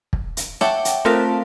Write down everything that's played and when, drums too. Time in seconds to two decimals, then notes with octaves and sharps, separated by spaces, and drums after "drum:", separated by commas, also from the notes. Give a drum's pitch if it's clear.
0.13 drum: kick
0.37 drum: hi-hat
0.61 C#5 E5 F#5 G5 A5 D6, drum: rim click
0.85 drum: hi-hat
1.05 A3 C4 F4 A#4 F5 A5